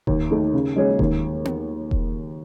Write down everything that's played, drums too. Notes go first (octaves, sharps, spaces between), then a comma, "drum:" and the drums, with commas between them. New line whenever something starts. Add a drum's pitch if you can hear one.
D#2, drum: kick E1
D#3 A3
C#3
G#3 C#4 G#4 C#5
D#2, drum: kick E1
drum: tom B3
drum: kick E1